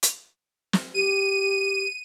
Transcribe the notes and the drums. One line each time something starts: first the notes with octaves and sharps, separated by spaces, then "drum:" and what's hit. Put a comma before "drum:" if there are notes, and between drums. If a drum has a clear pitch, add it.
drum: hi-hat
drum: snare
G4 D#7